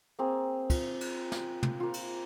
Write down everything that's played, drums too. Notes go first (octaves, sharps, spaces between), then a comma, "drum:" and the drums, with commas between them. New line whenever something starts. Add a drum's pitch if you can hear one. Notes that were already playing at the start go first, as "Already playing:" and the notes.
A#3 C4 G#4
F4, drum: kick, cymbal
drum: cymbal
drum: snare
drum: tom
A#3 F4
drum: cymbal